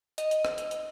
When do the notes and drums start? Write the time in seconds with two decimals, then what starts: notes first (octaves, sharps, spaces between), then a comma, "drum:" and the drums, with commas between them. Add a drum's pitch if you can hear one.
0.18 D#5, drum: hi-hat
0.31 drum: hi-hat
0.45 drum: rim click
0.58 drum: hi-hat
0.71 drum: hi-hat